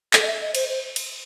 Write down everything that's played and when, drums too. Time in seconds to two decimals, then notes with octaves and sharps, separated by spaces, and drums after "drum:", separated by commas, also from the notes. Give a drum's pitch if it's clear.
0.13 A4, drum: clap
0.22 D#5
0.27 E5
0.41 D#5
0.55 C5, drum: cymbal
0.69 C5
0.96 drum: cymbal